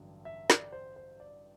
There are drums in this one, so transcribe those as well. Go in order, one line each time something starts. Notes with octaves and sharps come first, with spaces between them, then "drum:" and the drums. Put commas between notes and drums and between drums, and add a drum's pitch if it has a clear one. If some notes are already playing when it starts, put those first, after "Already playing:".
Already playing: A1 G2 D3 F#3
E5
D5, drum: snare
C5
C5
D5